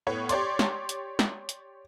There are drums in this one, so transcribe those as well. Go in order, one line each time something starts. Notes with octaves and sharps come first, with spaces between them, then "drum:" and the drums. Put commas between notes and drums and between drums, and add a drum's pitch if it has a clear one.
A2 B3 C#5
G4 C#5 D5 C6, drum: hi-hat
drum: snare
drum: hi-hat
drum: snare
drum: hi-hat